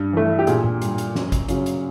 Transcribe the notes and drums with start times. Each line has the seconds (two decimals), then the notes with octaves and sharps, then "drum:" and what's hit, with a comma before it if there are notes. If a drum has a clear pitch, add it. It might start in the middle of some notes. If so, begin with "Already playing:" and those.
Already playing: G2
0.13 E3 A3
0.39 G4
0.47 A#2 G#4, drum: hi-hat
0.64 drum: tom A2
0.82 G3, drum: hi-hat
0.98 drum: hi-hat
1.15 F#2, drum: snare
1.32 drum: kick G#1, hi-hat
1.49 C#3 F#3, drum: hi-hat
1.66 drum: hi-hat